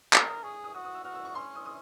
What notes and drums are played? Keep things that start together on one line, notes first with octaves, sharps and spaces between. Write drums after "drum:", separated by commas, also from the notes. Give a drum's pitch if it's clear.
A#4 F6, drum: clap
D#6
G#4 C#6
D#6
F#4 D#6
D#6
E6
F#4 F6
E6
C#6
C#4 C6
D#6
D#6